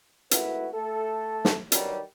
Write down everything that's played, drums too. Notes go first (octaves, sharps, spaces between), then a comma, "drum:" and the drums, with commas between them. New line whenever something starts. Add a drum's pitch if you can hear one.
G#1 A3 E4 F#4 B4, drum: hi-hat
A3 A4
drum: snare
G2 D#3 F#3 G3, drum: hi-hat